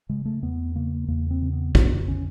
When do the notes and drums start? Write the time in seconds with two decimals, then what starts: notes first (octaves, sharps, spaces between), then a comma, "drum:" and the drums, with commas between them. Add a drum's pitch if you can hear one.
0.09 C#3 G#3
0.25 A3
0.42 E2 B3
0.75 C#3 A#3
1.08 E2 A#3
1.31 C4
1.42 C#3
1.53 B3
1.75 F2 B3, drum: kick
2.08 D3 C#4